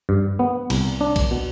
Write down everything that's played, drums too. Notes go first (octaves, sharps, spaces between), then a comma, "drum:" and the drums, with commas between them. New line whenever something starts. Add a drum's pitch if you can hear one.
G2
B3
C2, drum: cymbal
D4
drum: kick B1, cymbal
B2